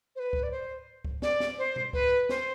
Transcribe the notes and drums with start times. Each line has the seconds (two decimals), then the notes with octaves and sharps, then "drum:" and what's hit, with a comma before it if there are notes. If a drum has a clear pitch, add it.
0.16 C5
0.20 B4
0.33 drum: kick C#2
0.43 D5
0.51 C5
1.05 drum: kick C#2
1.22 D5, drum: snare
1.40 drum: snare
1.58 C5
1.76 drum: tom B2
1.93 B4, drum: kick C#2
2.29 C5, drum: snare